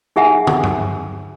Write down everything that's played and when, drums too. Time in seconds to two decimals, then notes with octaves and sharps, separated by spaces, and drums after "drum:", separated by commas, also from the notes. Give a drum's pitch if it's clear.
0.16 D#4 G#4 E5 F#5 G#5
0.47 drum: tom
0.63 drum: tom G2